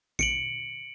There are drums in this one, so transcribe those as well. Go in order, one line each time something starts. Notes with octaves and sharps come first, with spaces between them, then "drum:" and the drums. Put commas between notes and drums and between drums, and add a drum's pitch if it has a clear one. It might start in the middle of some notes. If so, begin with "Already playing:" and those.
C#7 D7 F#7, drum: kick A#1